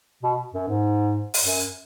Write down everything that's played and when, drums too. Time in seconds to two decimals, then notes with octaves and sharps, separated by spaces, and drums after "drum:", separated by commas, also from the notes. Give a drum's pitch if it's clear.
0.23 B2
0.54 F#2
0.68 G#2
1.34 drum: open hi-hat
1.44 F#2